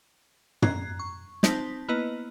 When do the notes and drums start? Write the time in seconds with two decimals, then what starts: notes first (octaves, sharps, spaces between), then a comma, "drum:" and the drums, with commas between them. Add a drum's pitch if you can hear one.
0.62 A#5 F#6 G#6 C7, drum: tom
0.99 C#6
1.43 C4 D#4 C5 A5 B6, drum: snare
1.88 A#3 B3 E4 B4 D#5